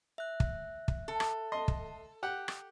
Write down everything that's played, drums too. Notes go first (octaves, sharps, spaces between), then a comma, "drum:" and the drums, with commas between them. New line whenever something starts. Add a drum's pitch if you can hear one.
E5 F#6
drum: kick
drum: kick
A4
drum: rim click
D#5 C6
drum: kick
G4 F#5
drum: rim click